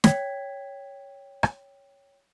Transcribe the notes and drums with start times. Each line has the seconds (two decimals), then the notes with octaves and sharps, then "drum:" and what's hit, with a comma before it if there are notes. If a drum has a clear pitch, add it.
0.04 C#5 G5 G#6 B6, drum: snare
1.43 drum: rim click